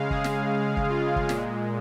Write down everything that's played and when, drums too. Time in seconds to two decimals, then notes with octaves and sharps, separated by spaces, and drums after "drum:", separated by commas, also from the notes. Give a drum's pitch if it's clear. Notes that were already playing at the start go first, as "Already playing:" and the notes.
Already playing: C#3 G#3 F5
0.11 G#4, drum: kick
0.24 drum: snare
0.77 drum: kick
0.89 F4
1.16 drum: kick
1.29 A#2 G#3, drum: snare